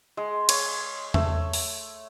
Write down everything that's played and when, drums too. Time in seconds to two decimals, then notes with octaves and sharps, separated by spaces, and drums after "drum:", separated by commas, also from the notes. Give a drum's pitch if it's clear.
0.17 G#3
0.49 C#5, drum: cymbal
1.14 A3, drum: tom E2
1.53 drum: open hi-hat